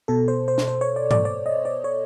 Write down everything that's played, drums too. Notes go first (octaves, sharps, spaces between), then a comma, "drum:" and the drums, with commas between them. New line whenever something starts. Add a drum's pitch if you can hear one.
B2 A4
C5
C5
drum: snare
C5
C#5
D5
D5, drum: tom G#2
D5
D#5
D5
C#5